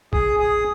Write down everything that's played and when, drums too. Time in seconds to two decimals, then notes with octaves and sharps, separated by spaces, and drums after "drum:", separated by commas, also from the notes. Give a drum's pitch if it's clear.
0.13 G#4, drum: kick A#1
0.40 G#4